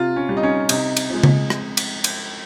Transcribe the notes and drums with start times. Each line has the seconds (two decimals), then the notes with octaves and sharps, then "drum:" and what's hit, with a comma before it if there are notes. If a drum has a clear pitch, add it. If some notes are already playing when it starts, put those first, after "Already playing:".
Already playing: C3 F4
0.16 C#4
0.29 G3
0.37 D#4
0.43 C#4
0.69 C3 D#4, drum: cymbal
0.97 drum: cymbal
1.10 F3 G#3
1.23 drum: tom C#3
1.50 drum: rim click
1.77 drum: cymbal
2.04 drum: cymbal